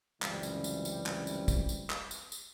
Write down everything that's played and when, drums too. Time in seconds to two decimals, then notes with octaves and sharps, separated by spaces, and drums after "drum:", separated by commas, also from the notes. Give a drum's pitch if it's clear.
0.22 C#2 F#2 C3 E3 G3 C4, drum: clap
0.43 drum: tambourine
0.64 drum: tambourine
0.85 drum: tambourine
1.06 drum: clap
1.27 drum: tambourine
1.48 drum: kick, tambourine
1.69 drum: tambourine
1.90 drum: clap
2.11 drum: tambourine
2.32 drum: tambourine